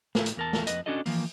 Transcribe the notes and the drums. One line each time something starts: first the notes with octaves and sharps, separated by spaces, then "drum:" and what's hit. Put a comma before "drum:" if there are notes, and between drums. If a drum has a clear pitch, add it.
A2, drum: snare
drum: hi-hat
E2 A#4 A5
drum: snare
F2 B4 D#5, drum: hi-hat
C#4 D4 F#4 A4 D#5
E3 F3 A#3, drum: open hi-hat